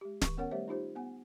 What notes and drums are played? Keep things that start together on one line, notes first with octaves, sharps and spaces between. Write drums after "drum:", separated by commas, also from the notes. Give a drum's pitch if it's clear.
G#3 G4
D#3 C#6, drum: snare
B3 C#4 A#4 C#5 F#5
G3 A3 G4 C5 C#5 E5
D#4 F4 G4 C5
B3 F#5 G#5